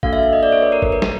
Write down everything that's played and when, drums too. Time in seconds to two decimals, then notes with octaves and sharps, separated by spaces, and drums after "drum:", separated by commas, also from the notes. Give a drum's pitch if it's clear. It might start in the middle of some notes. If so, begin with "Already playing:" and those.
0.03 A#3 D4 F#4 A4 F5, drum: kick G1
0.13 E5
0.23 E5
0.33 D#5
0.43 D5
0.52 C#5
0.62 B4
0.72 A#4
0.82 A#4, drum: kick G1
0.92 B4
1.02 A#4, drum: snare